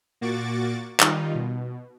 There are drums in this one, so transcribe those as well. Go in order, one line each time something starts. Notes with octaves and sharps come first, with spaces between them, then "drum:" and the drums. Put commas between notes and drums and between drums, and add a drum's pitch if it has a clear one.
A#2 A#3 F#4 C#6 D6 A6
D#3 G3 D#4 F4, drum: clap
B2